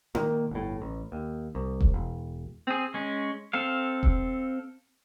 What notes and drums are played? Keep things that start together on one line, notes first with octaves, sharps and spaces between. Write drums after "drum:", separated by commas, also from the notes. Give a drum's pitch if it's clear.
A#2 D#3 A#3, drum: tom D#4
G1 A2
A1
D#2
C2
drum: kick E1
E1
C4 G#4
G#3 C#4
C4 A4 F5
drum: kick E1